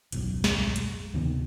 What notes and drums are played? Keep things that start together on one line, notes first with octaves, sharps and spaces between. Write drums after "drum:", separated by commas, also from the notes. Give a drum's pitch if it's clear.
D1 B1 F#2, drum: hi-hat
drum: snare
drum: hi-hat
D2 C3 D#3 B3